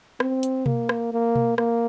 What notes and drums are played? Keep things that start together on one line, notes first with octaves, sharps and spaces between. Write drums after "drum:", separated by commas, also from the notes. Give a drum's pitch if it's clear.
C4, drum: rim click
drum: hi-hat
A#3, drum: tom B2
drum: rim click
A#3
drum: tom B2
A#3, drum: rim click